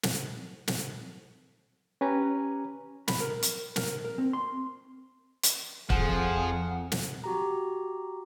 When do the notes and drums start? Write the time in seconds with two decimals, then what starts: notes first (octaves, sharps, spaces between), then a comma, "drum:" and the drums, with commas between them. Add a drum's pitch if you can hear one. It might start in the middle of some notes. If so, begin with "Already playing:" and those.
0.03 drum: snare
0.68 drum: snare
2.01 C#4 G4 B4 G#5 A#5
3.08 B5, drum: snare
3.20 A#4
3.43 drum: hi-hat
3.76 A#4, drum: snare
4.05 A#4
4.18 C4
4.33 C6
5.43 drum: hi-hat
5.90 F2 F3 G#4 F#5, drum: kick
6.92 drum: snare
7.24 F#4 G4 A#5